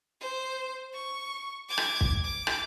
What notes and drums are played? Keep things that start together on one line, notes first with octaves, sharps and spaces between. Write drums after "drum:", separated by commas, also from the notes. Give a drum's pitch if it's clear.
C5
C#6
D6 G#6
drum: rim click
drum: kick
D6
drum: rim click